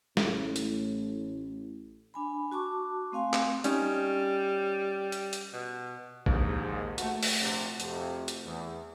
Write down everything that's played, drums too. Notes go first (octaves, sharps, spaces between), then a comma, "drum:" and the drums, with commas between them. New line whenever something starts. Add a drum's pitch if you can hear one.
A1 A2, drum: snare
drum: hi-hat
D4 G#5 B5
F#4 A5 C#6 D6
A3 C4 F5 G#5 C6
drum: clap
G3 C#4 D#4, drum: hi-hat
drum: hi-hat
drum: hi-hat
B2
A#1 D#2 G#2, drum: kick
A3 F#4, drum: hi-hat
drum: open hi-hat
A#1 C3
F2 C3, drum: hi-hat
drum: hi-hat
E2